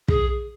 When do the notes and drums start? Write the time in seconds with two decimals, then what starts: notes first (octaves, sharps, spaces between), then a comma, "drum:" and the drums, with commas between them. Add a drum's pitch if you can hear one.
0.08 G#4, drum: kick